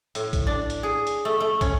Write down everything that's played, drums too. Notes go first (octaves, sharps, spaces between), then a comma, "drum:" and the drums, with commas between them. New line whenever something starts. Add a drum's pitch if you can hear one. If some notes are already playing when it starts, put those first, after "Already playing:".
A2, drum: hi-hat
drum: kick, hi-hat
D4
drum: hi-hat
G#4
drum: hi-hat
A3
A3
C#4, drum: kick, hi-hat